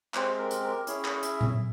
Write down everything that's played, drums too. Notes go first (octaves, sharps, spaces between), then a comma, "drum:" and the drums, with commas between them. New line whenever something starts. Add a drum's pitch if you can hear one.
G#3 C4 G4 C5, drum: clap
A#4
drum: hi-hat
A#4
C#4 E4 G#4 C#5, drum: hi-hat
drum: clap
E5, drum: hi-hat
drum: tom A#2